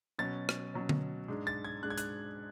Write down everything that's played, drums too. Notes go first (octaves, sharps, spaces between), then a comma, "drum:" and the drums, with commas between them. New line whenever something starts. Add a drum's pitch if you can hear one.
B2 F#3 C#4 A6
drum: rim click
B2 F#3 C#4
drum: tom D3
G#2 G#3 D4
A6
G#6
G#2 G#3 D4 F#6
G#6
F#6, drum: hi-hat